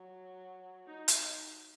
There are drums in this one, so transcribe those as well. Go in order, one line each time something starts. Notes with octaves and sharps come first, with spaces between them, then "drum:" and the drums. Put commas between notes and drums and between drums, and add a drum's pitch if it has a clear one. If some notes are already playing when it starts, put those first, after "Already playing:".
Already playing: F#3
D#4
drum: hi-hat